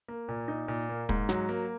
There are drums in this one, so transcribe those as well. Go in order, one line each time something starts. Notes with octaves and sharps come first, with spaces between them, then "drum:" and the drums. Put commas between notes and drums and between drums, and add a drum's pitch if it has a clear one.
A#3
A#2
D#4
A#2
A#3
G#2, drum: kick
F#3, drum: snare
A#3